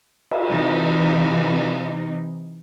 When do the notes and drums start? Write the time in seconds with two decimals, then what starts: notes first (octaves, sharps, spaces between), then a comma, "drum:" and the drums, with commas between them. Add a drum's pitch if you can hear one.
0.31 drum: cymbal
0.49 C3 E3 D#4